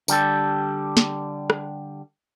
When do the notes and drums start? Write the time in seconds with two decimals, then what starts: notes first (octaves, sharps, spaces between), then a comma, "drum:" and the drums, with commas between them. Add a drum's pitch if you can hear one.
0.08 D3 G3 G4 A4, drum: tambourine
0.97 drum: snare
1.50 drum: rim click